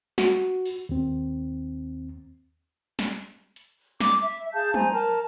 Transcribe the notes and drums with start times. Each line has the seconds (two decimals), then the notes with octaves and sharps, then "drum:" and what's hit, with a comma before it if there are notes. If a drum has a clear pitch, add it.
0.18 F#4, drum: snare
0.65 drum: open hi-hat
0.89 D#2 C4
2.99 drum: snare
3.56 drum: hi-hat
4.00 D6, drum: snare
4.23 E5
4.53 G#4 F5 A5 G6
4.74 C5 G#5 A#5, drum: tom
4.93 A#4 A5